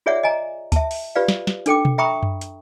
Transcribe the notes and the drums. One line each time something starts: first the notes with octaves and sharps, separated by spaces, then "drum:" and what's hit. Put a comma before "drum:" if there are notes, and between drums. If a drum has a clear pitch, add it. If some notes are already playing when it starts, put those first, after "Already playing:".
F4 G#4 C#5 D5 E5 F#5
D#5 G#5 A#5
E5 A5, drum: kick D2, hi-hat
drum: open hi-hat
F4 G4 B4 D5 F5
drum: snare
drum: snare
D4 A4 G5 D6, drum: hi-hat
drum: tom B2
E5 G5 A#5 B5 C#6 D#6
drum: tom F#2
drum: hi-hat